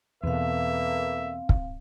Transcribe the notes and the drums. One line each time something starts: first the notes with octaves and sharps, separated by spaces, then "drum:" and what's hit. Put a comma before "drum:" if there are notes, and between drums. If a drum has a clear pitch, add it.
E2 B2 A#3 C4 A4 B4 E5 F5
drum: kick